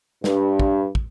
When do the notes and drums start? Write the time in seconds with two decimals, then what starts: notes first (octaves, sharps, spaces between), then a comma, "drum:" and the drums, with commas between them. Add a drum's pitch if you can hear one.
0.24 G2, drum: snare
0.60 drum: kick
0.95 drum: kick